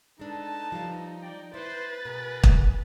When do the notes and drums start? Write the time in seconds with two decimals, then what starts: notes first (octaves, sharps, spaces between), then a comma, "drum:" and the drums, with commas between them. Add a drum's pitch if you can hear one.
0.19 G#3 D4 D#4 A4 B4 A5
0.72 F3 G3 F4
1.20 D5 G5
1.54 E4 B4 C5 A6
2.05 B2 G#4 A#4
2.43 drum: kick